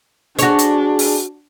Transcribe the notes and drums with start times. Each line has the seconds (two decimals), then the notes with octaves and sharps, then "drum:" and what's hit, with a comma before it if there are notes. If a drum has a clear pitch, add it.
0.39 D4 F#4 G#4 C#5, drum: hi-hat
0.59 drum: hi-hat
0.99 drum: open hi-hat